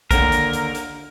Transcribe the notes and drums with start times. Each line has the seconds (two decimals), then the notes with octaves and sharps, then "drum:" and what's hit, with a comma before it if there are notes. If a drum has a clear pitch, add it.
0.11 D#2 D3 A#4, drum: kick A#1, hi-hat
0.32 drum: hi-hat
0.53 drum: hi-hat
0.75 drum: hi-hat